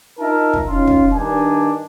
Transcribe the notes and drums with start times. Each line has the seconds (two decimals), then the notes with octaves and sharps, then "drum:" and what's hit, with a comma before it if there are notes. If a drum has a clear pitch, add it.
0.19 D#4 F4 A#4 E5 A5
0.53 drum: kick
0.68 C#4 D#4 F4
0.87 drum: kick
1.13 G2 D#3 D4 D#4 G#5